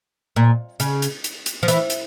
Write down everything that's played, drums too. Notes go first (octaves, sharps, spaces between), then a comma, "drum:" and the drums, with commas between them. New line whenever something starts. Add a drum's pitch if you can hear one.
A#2
C#3, drum: hi-hat
drum: hi-hat
drum: hi-hat
drum: hi-hat
F3
E3, drum: hi-hat
drum: hi-hat